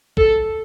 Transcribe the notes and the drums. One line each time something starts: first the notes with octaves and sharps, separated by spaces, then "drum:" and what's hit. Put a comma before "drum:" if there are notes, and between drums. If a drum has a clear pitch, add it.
A4, drum: kick